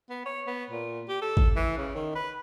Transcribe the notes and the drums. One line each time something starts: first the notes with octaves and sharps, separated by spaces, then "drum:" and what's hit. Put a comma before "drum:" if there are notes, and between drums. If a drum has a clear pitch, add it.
B3
C#5
B3
A#2
G4
A4
drum: kick
E3
C#3
D#3
B4